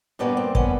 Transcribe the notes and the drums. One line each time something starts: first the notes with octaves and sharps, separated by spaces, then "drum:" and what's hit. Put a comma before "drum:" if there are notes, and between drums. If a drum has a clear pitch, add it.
G2 D3 G3 A#3 B3 C#4
C4
B3 C#4, drum: kick